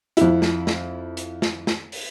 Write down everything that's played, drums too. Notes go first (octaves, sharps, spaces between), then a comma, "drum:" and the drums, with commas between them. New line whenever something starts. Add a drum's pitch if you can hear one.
F2 E4, drum: hi-hat
drum: snare
drum: snare
drum: hi-hat
drum: snare
drum: snare
drum: open hi-hat